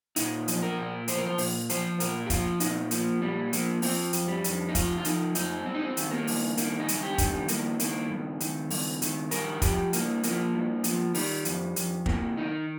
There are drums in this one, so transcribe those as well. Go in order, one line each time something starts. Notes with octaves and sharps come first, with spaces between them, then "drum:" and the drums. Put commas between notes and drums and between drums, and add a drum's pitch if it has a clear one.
A#2 D#4, drum: hi-hat
F3, drum: hi-hat
A#4
A#2
F3 C5, drum: hi-hat
A#4
C5
A#2, drum: open hi-hat
F3 C5, drum: hi-hat
A#2 A#4, drum: hi-hat
G4
F3 F4, drum: kick, hi-hat
A#2 D#4, drum: hi-hat
F3 A#3, drum: hi-hat
A#2 G3
F3 A#3, drum: hi-hat
F3 C4, drum: open hi-hat
F2, drum: hi-hat
G3
F2, drum: hi-hat
D#4
C3 F4, drum: kick, hi-hat
F4
F3 D#4, drum: hi-hat
F2 D#4, drum: hi-hat
G2 C4
D#4
C4
D#3, drum: hi-hat
A#3
G2, drum: open hi-hat
D#3 A#3, drum: hi-hat
D#4
G2, drum: hi-hat
G4
D#3, drum: kick, hi-hat
G3
G2 A#3, drum: hi-hat
D#3 A#3, drum: hi-hat
G2
D#3, drum: hi-hat
G2, drum: open hi-hat
D#3, drum: hi-hat
G2 A#4, drum: hi-hat
F3 G4, drum: kick, hi-hat
G2 A#3, drum: hi-hat
F3 A#3, drum: hi-hat
G2
F3, drum: hi-hat
D#3 G3, drum: open hi-hat
F2, drum: hi-hat
F2, drum: hi-hat
C3 A#3, drum: kick
D#3 D#4